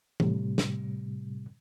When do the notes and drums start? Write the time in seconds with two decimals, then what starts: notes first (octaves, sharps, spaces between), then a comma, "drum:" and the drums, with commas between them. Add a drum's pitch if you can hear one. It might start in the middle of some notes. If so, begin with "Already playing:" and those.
0.20 A2 C3 G3, drum: tom E3
0.58 drum: snare